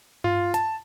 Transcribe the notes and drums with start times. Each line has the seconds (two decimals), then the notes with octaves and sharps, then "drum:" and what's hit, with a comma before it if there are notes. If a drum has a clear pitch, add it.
0.24 F4, drum: tom G2
0.54 A5, drum: hi-hat